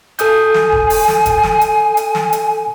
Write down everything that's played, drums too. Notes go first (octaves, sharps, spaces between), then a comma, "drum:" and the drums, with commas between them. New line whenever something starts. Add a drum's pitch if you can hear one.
A4 G#5 D#6 G6, drum: hi-hat
drum: snare
drum: kick
drum: open hi-hat
drum: snare
drum: kick, hi-hat
drum: snare
drum: hi-hat
drum: hi-hat
drum: snare
drum: hi-hat